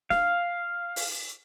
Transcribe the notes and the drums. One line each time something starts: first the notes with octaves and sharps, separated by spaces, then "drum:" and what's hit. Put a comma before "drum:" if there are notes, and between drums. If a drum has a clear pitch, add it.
F5, drum: snare
drum: open hi-hat